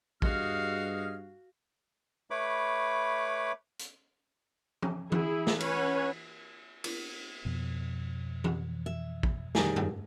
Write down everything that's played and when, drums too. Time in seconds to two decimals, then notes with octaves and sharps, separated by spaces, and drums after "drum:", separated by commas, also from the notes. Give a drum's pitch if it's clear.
0.22 G2 F#4 G#4 D#5 F5 F6, drum: kick
2.31 A3 B4 C#5 B5 D6
3.79 drum: hi-hat
4.82 drum: tom F3
5.12 E4 G#4, drum: tom E3
5.47 drum: snare
5.60 C#4 B4 C#5 F#5 G#5, drum: cymbal
6.84 drum: cymbal
7.45 F2 B2
8.44 drum: tom E3
8.86 E5
9.23 drum: kick
9.55 D#3 G3 G#4, drum: snare
9.76 drum: tom F#2